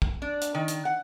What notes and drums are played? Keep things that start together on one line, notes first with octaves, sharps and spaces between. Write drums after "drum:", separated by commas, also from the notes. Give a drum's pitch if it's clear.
drum: kick
D4
drum: hi-hat
D#3
drum: hi-hat
F#5